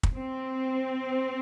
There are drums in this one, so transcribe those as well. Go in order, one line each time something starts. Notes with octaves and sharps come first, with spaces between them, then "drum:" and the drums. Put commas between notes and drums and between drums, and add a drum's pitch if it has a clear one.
drum: kick
C4